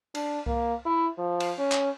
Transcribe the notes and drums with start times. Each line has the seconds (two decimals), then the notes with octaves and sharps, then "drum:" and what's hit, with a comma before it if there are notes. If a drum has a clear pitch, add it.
0.15 D4, drum: cymbal
0.46 A#3, drum: kick C2
0.86 E4
1.18 F3
1.40 drum: cymbal
1.59 C#4
1.72 drum: clap